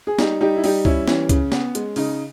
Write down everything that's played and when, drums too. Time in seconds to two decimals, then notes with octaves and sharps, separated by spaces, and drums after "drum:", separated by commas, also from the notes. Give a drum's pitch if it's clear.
0.07 G#4
0.19 G3 D#4 G4, drum: snare
0.41 G3 D#4 G4
0.56 E4
0.64 G3 D#4 G4, drum: open hi-hat
0.85 G3 C#4 E4, drum: kick
1.08 E3 C#4, drum: snare
1.29 C#3, drum: kick, hi-hat
1.52 B3, drum: snare
1.75 G#3, drum: hi-hat
1.96 C#3 D#4, drum: open hi-hat